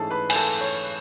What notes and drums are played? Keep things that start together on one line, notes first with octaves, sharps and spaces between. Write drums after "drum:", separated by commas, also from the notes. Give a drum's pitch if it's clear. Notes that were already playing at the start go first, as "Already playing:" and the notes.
Already playing: G#2 E3 A3 C#4 G#4 A4 A5
B4 B5
G#5, drum: cymbal
A4 A5
C#5